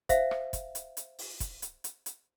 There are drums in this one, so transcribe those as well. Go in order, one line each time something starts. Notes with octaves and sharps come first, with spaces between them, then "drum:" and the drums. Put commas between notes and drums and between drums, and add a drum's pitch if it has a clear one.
C5 E5 F5, drum: kick, hi-hat
drum: rim click
drum: kick, hi-hat
drum: hi-hat
drum: hi-hat
drum: open hi-hat
drum: kick, hi-hat
drum: hi-hat
drum: hi-hat
drum: hi-hat